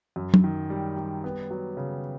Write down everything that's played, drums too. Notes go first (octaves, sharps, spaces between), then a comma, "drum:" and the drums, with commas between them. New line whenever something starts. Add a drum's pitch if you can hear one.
F#2
drum: tom
D#3
G3
G3
B3
F#3
C#3